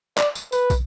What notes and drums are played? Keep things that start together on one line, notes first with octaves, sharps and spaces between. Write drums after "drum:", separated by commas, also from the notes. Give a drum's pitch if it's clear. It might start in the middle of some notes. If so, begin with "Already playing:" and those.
D5, drum: clap
drum: tambourine
B4, drum: tambourine
drum: kick, tambourine